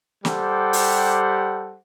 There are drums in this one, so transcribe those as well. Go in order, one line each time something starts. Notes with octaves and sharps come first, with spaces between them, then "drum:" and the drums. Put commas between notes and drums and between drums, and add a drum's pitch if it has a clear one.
G3 G4 A4 C5 F#5, drum: snare
drum: open hi-hat